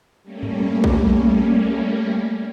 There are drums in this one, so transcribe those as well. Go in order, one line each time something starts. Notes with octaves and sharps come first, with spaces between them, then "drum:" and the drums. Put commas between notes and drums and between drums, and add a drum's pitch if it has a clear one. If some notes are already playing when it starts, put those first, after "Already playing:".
G3 A3 A#3 C#4
drum: tom G2
drum: kick A#1